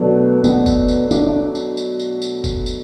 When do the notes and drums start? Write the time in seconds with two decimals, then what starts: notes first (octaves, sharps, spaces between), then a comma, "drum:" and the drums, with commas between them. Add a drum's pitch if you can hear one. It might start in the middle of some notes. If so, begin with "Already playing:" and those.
Already playing: B2 F#3 A3 B3 D4
0.44 B3, drum: tambourine
0.66 drum: kick F#1, tambourine
0.88 drum: tambourine
1.11 D4, drum: tambourine
1.27 D4
1.55 drum: tambourine
1.77 drum: tambourine
1.99 drum: tambourine
2.22 drum: tambourine
2.44 drum: kick F#1, tambourine
2.66 drum: tambourine